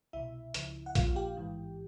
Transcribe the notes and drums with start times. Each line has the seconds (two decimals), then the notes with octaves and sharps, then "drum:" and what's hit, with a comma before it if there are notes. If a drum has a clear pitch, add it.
0.13 C2 B2 E4 E5
0.54 C#2 C#3 F3, drum: hi-hat
0.86 F#5
0.95 A#1 A#2 F3 F4 F5, drum: kick A#1, hi-hat
1.16 G4 G5
1.37 A1 G#2 E3